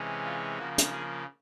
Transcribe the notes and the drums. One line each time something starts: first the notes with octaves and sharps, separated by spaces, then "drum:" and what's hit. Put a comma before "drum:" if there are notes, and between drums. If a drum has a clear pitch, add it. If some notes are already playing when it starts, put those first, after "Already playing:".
Already playing: C3 E3 G#3 C#4
F4
C#3 F3 A#3 F#4
drum: hi-hat
G#4